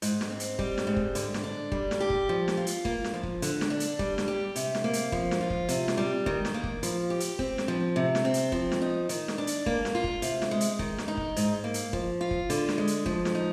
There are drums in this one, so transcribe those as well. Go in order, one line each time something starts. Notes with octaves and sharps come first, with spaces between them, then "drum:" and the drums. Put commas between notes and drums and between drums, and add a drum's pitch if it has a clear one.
G#2, drum: hi-hat
drum: snare
C4
drum: hi-hat
G3, drum: kick
drum: snare
G#2
drum: kick
D3, drum: hi-hat
drum: snare
D4
G3, drum: kick
drum: snare
G4
drum: kick
F3
drum: snare
F4
drum: hi-hat
A#3, drum: kick
drum: snare
F3
drum: kick
D3, drum: hi-hat
drum: snare
D4
drum: hi-hat
G3, drum: kick
drum: snare
G4
C3, drum: hi-hat
drum: snare
A#3
drum: hi-hat
F3, drum: kick
drum: snare
F4
drum: kick
C3, drum: hi-hat
drum: snare
G3
D#3, drum: kick
drum: snare
A#3
drum: kick
F3, drum: hi-hat
G4
drum: hi-hat
C4, drum: kick
drum: snare
F3
C3
drum: snare
C4
drum: hi-hat
F3, drum: kick
drum: snare
D#4
D#3, drum: hi-hat
drum: snare
D4
drum: hi-hat
A#3, drum: kick
drum: snare
F4
drum: kick
C3, drum: hi-hat
drum: snare
G#3
drum: hi-hat
D#3, drum: kick
drum: snare
D#4
drum: kick
G#2, drum: hi-hat
A#3
drum: hi-hat
F3, drum: kick
F4
drum: kick
D3, drum: hi-hat
drum: snare
G#3
drum: hi-hat
F3, drum: kick
drum: snare
D#4